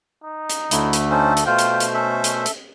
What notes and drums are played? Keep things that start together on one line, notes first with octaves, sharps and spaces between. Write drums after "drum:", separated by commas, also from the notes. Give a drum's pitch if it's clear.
D#4
drum: hi-hat
D2 D3 A3 E4, drum: hi-hat
drum: hi-hat
C#4 D#4 A4 C5
drum: hi-hat
B2 A3 F4 C5 G5
drum: hi-hat
drum: hi-hat
C#4 A4 E5
drum: hi-hat
drum: hi-hat